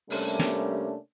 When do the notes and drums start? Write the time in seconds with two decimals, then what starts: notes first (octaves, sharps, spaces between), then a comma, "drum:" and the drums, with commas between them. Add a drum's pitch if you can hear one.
0.10 C3 G3 A3 A#3 C#4 D4, drum: open hi-hat
0.39 drum: snare